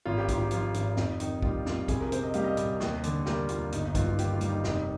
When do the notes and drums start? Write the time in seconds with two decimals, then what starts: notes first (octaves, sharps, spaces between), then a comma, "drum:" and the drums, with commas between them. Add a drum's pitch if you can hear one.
0.05 G#1 F4
0.18 G4
0.28 G#2 F4, drum: kick B1, hi-hat
0.41 G4
0.51 F3 F4, drum: hi-hat
0.74 G#1, drum: hi-hat
0.97 F2 D#4, drum: snare
1.20 D#3 D#4, drum: hi-hat
1.42 G3 F4, drum: kick B1
1.66 F2 F4, drum: snare
1.88 C2 G#4, drum: kick B1, hi-hat
2.00 A#4
2.12 C3 C5, drum: hi-hat
2.23 D#5
2.34 G3 F5, drum: hi-hat
2.44 D#5
2.57 C2, drum: hi-hat
2.80 D#2, drum: snare
3.03 D3, drum: hi-hat
3.26 G3 A#4, drum: snare
3.49 D#2 F4, drum: hi-hat
3.72 G1 D#4, drum: hi-hat
3.87 D#4
3.95 G2 F4, drum: kick B1, hi-hat
4.09 F4
4.19 D#3 G4, drum: hi-hat
4.34 F4
4.41 G3, drum: hi-hat
4.48 D#4
4.64 F1 D#4, drum: snare